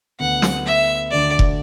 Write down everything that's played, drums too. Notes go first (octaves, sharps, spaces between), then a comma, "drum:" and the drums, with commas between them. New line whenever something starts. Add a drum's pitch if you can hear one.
D2 D3 B3 F#5
drum: snare
E5
D2 D3 A3 D4 D5
drum: kick F1